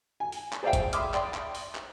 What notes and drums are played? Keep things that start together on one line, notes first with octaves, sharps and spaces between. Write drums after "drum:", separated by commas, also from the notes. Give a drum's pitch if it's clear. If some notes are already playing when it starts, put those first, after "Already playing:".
G#5
drum: open hi-hat
drum: clap
G#4 C5 D5 E5 F5 G5
drum: kick, hi-hat
E5 B5 C6 D6 D#6 F6, drum: hi-hat
D5 E5 G5 C6 D#6, drum: clap
drum: clap
drum: open hi-hat
drum: clap